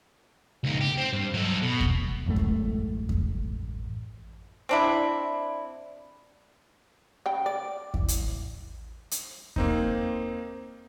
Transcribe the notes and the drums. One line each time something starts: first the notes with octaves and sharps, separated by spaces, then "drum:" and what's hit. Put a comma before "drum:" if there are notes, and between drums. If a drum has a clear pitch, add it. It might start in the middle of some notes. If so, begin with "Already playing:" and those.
C#2 D#4
G4
C4
G2
F#3 A4
B2
drum: kick E2
A1 F#2 G#3 A3
drum: kick E2
drum: kick E2
C4 D4 E4
C#3 G5
D5 D6
A1, drum: kick E2
drum: hi-hat
drum: hi-hat
A#3 C4 D#4, drum: kick E2